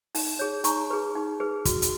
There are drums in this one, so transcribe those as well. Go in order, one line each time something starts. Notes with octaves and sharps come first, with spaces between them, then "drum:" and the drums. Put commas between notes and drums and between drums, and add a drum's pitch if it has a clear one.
D#4, drum: open hi-hat
G#4 C#5
D#4 A#5 C#6, drum: hi-hat
G#4 B4
D#4
G#4 B4
F#4, drum: kick, hi-hat
drum: hi-hat